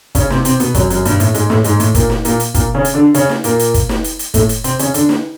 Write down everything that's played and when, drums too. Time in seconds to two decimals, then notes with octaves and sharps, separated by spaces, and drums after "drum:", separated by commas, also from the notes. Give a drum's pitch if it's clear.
0.15 C#3 C#4, drum: kick, hi-hat
0.30 C3 C4, drum: snare
0.45 C3 C4, drum: hi-hat
0.60 B2 B3, drum: hi-hat
0.74 F#2 F#3, drum: kick, hi-hat
0.90 F#2 F#3, drum: hi-hat
1.05 G2 G3, drum: hi-hat
1.20 A2 A3, drum: hi-hat
1.34 G#2 G#3, drum: hi-hat
1.50 A2 A3, drum: snare
1.64 G#2 G#3, drum: hi-hat
1.80 A2 A3, drum: hi-hat
1.95 A#2 A#3, drum: kick, hi-hat
2.10 drum: snare
2.25 A#2 A#3, drum: hi-hat
2.40 drum: hi-hat
2.54 A#2 A#3, drum: kick, hi-hat
2.74 C#3 C#4
2.85 drum: hi-hat
2.94 D3 D4
3.14 C#3 C#4, drum: hi-hat
3.29 drum: snare
3.44 A#2 A#3, drum: hi-hat
3.59 drum: hi-hat
3.74 drum: kick, hi-hat
3.89 drum: snare
4.04 drum: hi-hat
4.19 drum: hi-hat
4.34 A2 A3, drum: kick, hi-hat
4.49 drum: hi-hat
4.64 C3 C4, drum: hi-hat
4.79 C#3 C#4, drum: hi-hat
4.94 D3 D4, drum: hi-hat
5.09 drum: snare